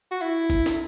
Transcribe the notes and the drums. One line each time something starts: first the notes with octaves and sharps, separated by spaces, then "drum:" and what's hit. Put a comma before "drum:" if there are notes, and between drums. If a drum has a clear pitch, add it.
F#4
E4
drum: kick, hi-hat
drum: snare